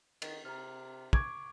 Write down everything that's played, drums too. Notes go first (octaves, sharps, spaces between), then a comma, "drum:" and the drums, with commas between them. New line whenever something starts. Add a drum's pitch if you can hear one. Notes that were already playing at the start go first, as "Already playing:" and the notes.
D#3, drum: cymbal
C3 A#5 F6
C#6 D6 G#6 D7, drum: kick